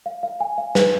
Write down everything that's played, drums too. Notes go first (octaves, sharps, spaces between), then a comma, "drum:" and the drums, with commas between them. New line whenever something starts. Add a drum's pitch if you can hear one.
F5
F5
G#5
F5
B4, drum: snare